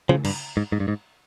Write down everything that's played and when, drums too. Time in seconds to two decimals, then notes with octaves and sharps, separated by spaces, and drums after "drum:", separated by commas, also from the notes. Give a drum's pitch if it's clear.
0.09 C#3 F3, drum: tom C#3
0.25 G2, drum: cymbal
0.57 G#2
0.72 G#2
0.80 G2
0.88 G#2